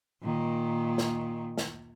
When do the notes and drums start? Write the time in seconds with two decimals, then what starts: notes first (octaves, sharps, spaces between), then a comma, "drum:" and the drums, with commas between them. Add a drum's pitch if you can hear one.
0.22 A#2 D#3
0.98 drum: snare
1.58 drum: snare